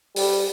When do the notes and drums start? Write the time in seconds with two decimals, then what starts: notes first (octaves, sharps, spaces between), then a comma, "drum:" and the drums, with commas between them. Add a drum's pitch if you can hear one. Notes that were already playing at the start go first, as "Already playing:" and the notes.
0.16 G3, drum: open hi-hat